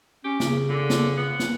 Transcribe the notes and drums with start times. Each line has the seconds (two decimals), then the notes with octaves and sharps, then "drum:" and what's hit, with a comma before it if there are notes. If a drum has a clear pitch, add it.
0.25 C#4 G4
0.40 C#3, drum: snare
0.69 D3
0.90 drum: snare
1.17 B3
1.40 drum: snare